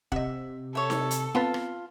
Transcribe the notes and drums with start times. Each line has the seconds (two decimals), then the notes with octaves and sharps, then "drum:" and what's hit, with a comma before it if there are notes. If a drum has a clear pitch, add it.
0.12 C3 D#5 E5 F#5, drum: kick
0.75 A4 C#5 E5
0.90 drum: snare D#4
1.11 drum: hi-hat
1.35 B3 C4 F4 B4 A5
1.54 drum: rim click